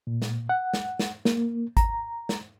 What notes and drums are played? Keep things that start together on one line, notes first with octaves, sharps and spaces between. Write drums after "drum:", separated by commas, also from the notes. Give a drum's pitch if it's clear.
A#2
drum: snare
F#5
drum: snare
drum: snare
A#3, drum: snare
A#5, drum: kick G#1, hi-hat
drum: snare